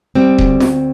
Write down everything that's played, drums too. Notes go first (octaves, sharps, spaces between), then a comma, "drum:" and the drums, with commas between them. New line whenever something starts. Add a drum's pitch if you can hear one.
G3 C4
D2, drum: kick D#1
D2, drum: snare